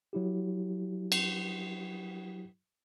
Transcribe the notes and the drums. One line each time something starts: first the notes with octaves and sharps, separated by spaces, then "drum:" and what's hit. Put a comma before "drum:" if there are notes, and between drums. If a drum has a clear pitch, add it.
F#3 E4 G4
drum: cymbal